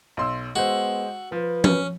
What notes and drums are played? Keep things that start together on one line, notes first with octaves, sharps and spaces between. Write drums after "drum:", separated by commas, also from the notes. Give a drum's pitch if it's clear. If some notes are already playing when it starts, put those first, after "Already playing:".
B1 C6 E6
G#3 B3 F#4 C5
F3 B4
C#4, drum: tom F3